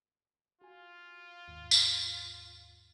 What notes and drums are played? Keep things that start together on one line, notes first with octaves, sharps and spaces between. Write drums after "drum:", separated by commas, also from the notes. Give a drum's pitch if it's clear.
F4 F#4 G#5
D#2 G#2
drum: tambourine